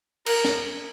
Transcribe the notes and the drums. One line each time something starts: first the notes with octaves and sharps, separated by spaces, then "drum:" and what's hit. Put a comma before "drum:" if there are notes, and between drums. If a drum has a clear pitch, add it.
A#4, drum: cymbal
drum: snare